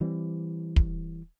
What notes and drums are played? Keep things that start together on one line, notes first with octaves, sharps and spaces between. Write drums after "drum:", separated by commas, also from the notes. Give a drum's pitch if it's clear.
E3 G3 C4
drum: kick